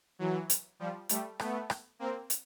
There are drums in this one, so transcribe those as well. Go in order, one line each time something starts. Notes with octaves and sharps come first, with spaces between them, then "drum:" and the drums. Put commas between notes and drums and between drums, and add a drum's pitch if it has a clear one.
E3 F#3
drum: hi-hat
F3 G3
G3 A3, drum: hi-hat
A3 B3, drum: rim click
drum: rim click
A#3 C4
drum: hi-hat